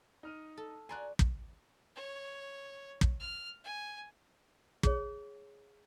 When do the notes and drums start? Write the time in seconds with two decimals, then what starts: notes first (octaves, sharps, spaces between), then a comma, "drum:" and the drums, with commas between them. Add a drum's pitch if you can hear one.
0.23 D#4 F6 D#7
0.57 A4
0.89 F#4 D5 G#5 A#5 C6 F#6
1.19 drum: kick
1.95 C#5
3.01 drum: kick
3.20 F6
3.64 G#5
4.83 G#4 C#5, drum: kick